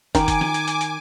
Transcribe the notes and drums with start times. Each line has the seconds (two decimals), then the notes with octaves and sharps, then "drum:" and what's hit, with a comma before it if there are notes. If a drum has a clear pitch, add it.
0.15 D#3 G#5 D6, drum: kick, hi-hat
0.28 drum: kick, hi-hat
0.41 drum: snare
0.54 drum: hi-hat
0.68 drum: hi-hat
0.81 drum: hi-hat